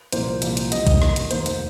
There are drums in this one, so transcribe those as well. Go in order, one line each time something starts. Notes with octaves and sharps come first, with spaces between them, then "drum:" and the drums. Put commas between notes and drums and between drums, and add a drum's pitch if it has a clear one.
C2 A#2 F3 A#3 C5, drum: hi-hat
C2 A#2 F3 A#3, drum: hi-hat
drum: hi-hat
C2 C3 G3 D#5, drum: hi-hat
drum: kick, hi-hat
D#2 D#3 A#3, drum: rim click
drum: hi-hat
F1 D#2 D#3 A#3 C5, drum: hi-hat
drum: hi-hat